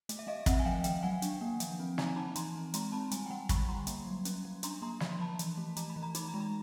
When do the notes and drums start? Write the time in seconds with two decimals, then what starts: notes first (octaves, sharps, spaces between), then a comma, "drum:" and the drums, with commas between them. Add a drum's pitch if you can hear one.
0.09 A3, drum: hi-hat
0.19 E5
0.27 A3 D#5 F5
0.46 C4 E5 F#5, drum: kick, hi-hat
0.59 G#5
0.65 F3 F5 G5
0.84 D#3 F5 G5, drum: hi-hat
1.03 F#3 F#5 G#5
1.22 D4, drum: hi-hat
1.41 A#3
1.60 F3, drum: hi-hat
1.80 C4
1.98 D#4 G#5 A#5, drum: snare
2.16 D#4 A5 B5
2.36 E3 A#5 C6, drum: hi-hat
2.55 C4
2.74 G#3 A#5 C6, drum: hi-hat
2.92 C4 A5 B5
3.11 G3 G#5 A#5, drum: hi-hat
3.26 G5
3.30 G3 F#5 G#5
3.49 D3 B5 C#6, drum: kick, hi-hat
3.68 G3 A#5 C6
3.87 A#3, drum: hi-hat
4.06 F#3
4.25 C#4, drum: hi-hat
4.45 F#3
4.63 D4 A#5 C6, drum: hi-hat
4.82 A#3 A#5 C6
5.00 F3 B5, drum: snare
5.12 C6
5.19 F3 A5 B5
5.39 E3, drum: hi-hat
5.57 A3
5.77 A3 A#5, drum: hi-hat
5.90 B5
5.96 E3
6.03 A#5
6.15 D#4 B5, drum: hi-hat
6.28 A#5
6.34 G#3
6.40 B5